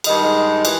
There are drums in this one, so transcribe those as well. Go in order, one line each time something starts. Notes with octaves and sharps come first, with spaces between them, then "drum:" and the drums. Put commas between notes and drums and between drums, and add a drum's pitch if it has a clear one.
G2 D#3 D#4, drum: cymbal
G#3
E3, drum: cymbal